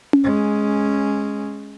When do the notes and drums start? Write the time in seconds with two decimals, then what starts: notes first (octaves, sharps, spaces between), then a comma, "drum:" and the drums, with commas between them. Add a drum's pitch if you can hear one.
0.13 drum: tom C#4
0.24 G#3 C#4